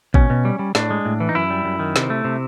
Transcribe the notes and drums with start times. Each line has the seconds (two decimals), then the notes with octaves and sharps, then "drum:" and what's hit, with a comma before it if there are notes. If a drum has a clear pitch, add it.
0.14 B2 C#4, drum: kick A1
0.30 B2
0.45 G3
0.59 G3
0.75 A2 D4, drum: snare
0.91 G#3
1.05 A2
1.20 E3
1.29 D#4
1.35 F#2 E4
1.50 G3
1.65 F#2
1.79 D#3
1.96 C3, drum: snare
2.10 A3
2.25 C3